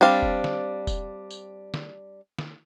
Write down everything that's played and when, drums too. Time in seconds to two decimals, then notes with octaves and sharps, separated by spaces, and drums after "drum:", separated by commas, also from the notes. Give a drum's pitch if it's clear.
0.01 G3 C4 D4 F5
0.23 drum: kick E1
0.44 drum: snare
0.87 drum: kick E1, tambourine
1.31 drum: tambourine
1.74 drum: snare
2.39 drum: snare